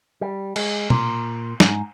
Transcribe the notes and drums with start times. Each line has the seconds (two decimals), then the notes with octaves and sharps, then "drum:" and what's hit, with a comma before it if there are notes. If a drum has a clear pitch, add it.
0.21 G3
0.56 G#3, drum: cymbal
0.90 A#2, drum: tom
1.60 G#2, drum: snare